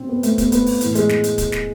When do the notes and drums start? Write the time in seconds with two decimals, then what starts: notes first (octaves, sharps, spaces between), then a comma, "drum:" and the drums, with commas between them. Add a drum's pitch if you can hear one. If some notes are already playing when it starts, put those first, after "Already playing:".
Already playing: B2 C4 D4
0.09 B3
0.23 A3, drum: hi-hat
0.38 B3, drum: kick, hi-hat
0.52 B3, drum: hi-hat
0.66 drum: open hi-hat
0.81 A2 E3, drum: hi-hat
0.95 G#3, drum: hi-hat
1.09 drum: snare
1.24 drum: hi-hat
1.38 drum: kick, hi-hat
1.52 drum: snare